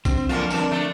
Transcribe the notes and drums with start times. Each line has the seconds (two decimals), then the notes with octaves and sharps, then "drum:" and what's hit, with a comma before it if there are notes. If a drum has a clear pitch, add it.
0.05 C4 D4, drum: kick B1, tambourine
0.29 A#2 D3 F3 F#3 A#3 F4 E7
0.50 G2 C4 D4 A#4 A5, drum: tambourine
0.71 D3 A3 D4 A4